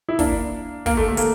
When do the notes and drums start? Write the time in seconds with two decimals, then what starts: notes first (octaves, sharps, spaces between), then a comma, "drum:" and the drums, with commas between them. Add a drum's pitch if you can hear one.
0.08 E4
0.19 A#3 D4, drum: kick, open hi-hat
0.86 A#3, drum: kick, open hi-hat
0.97 A3
1.08 A3
1.17 A#3, drum: hi-hat